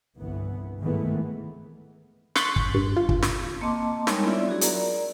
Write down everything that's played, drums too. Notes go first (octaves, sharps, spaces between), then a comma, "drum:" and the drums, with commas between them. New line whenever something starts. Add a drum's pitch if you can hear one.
G1 C2 E3 B3
G#2 D#3 E3 G#3 A3 B3
C6 C#6 F#6 G6 A6 B6, drum: snare
drum: kick
G2
F4
drum: kick
drum: snare
A#3 C4 D#5 A5 C6 D6
G3 G#3 D#4 A#4 C#5, drum: snare
B3 D4 E4 F4 D5 E5
F#3 F#4 G#4
A#4 D5 A#5, drum: hi-hat